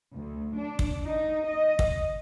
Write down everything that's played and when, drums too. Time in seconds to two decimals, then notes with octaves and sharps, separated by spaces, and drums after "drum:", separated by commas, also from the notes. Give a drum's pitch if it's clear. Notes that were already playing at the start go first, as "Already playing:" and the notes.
0.14 D2
0.55 D4
0.79 drum: kick
1.04 D#4
1.48 D#5
1.79 drum: kick